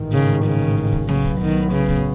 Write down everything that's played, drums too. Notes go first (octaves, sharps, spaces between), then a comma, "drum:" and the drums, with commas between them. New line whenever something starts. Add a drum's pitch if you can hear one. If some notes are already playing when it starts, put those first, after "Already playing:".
Already playing: A1 G#2 D#3
C#3
C#3
drum: kick
B1 A2 C#3 F#3 B3, drum: snare
drum: kick
D#3
C#3
drum: kick